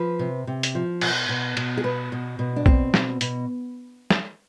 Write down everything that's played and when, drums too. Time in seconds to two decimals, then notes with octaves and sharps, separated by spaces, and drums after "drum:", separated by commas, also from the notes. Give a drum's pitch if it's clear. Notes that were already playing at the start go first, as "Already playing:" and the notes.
Already playing: F3 B4
0.19 C3
0.47 C3
0.63 drum: hi-hat
0.75 F3
1.01 B2, drum: cymbal
1.29 B2
1.57 B2, drum: cymbal
1.77 G#4
1.84 B2 B4
2.12 B2
2.39 B2
2.56 D4
2.66 B2 C4, drum: kick
2.94 B2, drum: snare
3.21 B2, drum: hi-hat
4.10 drum: snare